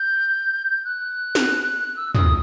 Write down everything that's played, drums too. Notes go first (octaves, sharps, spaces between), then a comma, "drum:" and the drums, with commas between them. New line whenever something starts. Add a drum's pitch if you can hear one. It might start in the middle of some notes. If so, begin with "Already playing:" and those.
Already playing: G6
F#6
drum: snare
E6
D#6, drum: tom